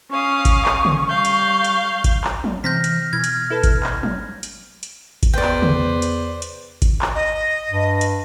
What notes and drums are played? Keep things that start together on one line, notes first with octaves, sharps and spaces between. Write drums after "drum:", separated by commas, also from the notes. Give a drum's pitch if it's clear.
C#4 F5 C#6 D#6
drum: kick G#1, hi-hat
drum: clap
drum: tom
G3 F5 G6
drum: hi-hat
drum: hi-hat
drum: kick G#1, hi-hat
drum: clap
drum: tom F3
C3 E3 C4 F6 G6 A#6 B6
drum: hi-hat
B2 E3 G#6
drum: hi-hat
E4 A4 B4
drum: kick G#1, hi-hat
drum: clap
drum: tom F3
drum: hi-hat
drum: hi-hat
drum: kick G#1, hi-hat
E2 B4 C5 D5 G5
drum: clap
drum: tom
drum: hi-hat
drum: hi-hat
drum: kick G#1, hi-hat
drum: clap
D#5
G2
drum: hi-hat